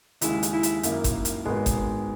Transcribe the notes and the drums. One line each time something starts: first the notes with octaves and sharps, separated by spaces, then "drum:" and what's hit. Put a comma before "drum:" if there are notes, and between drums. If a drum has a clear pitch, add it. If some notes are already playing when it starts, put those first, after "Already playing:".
D#2 C#3 G#3 E4, drum: hi-hat
drum: hi-hat
E4
drum: hi-hat
F#2 D#3 A#3 E4, drum: hi-hat
drum: kick G1, hi-hat
drum: hi-hat
G#1 G#2 D#3 G#3 B3
drum: kick G1, hi-hat